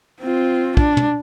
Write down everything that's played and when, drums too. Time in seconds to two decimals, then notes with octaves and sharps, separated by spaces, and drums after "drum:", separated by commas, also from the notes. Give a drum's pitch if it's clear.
0.22 C4 F4
0.77 D4, drum: kick
0.97 drum: tom